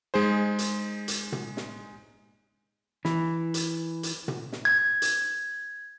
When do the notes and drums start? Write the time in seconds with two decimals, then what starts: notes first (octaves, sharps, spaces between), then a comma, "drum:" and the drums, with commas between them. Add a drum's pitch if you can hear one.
0.14 G#3 D#4 G#4 C5
0.59 drum: hi-hat
1.08 drum: hi-hat
1.32 drum: tom
1.57 drum: snare
3.05 E3, drum: snare
3.54 drum: hi-hat
4.03 drum: hi-hat
4.28 drum: tom
4.53 drum: snare
4.65 G#6
5.02 drum: hi-hat